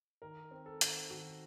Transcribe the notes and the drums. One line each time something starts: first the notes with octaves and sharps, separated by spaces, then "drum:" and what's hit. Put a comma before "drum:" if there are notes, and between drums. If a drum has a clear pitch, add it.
D#3 A#4
C4
A4
D#3, drum: hi-hat
D#3 F#4